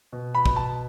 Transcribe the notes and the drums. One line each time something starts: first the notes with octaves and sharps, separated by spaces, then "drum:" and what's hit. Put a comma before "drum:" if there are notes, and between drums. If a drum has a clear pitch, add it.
B2
B5
B2, drum: kick
A5